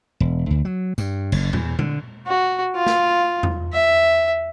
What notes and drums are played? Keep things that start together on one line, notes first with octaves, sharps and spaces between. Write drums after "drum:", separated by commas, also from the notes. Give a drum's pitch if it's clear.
E1
D2
F#3
G2, drum: tambourine
F#1, drum: cymbal
E2, drum: tom A#2
D3, drum: tom A#2
F#4
F4
drum: snare
drum: tom E2
E5